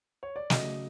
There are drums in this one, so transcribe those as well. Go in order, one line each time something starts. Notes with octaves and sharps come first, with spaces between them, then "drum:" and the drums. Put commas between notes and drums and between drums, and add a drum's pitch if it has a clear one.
C#5
D5
C#3 F#3 A3 D#5, drum: snare